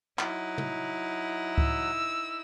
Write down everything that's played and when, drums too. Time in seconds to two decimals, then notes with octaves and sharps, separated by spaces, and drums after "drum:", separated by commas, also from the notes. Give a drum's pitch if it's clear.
0.19 F#3 D#4 E4 F#5, drum: clap
0.58 drum: tom
1.58 E6, drum: kick C#2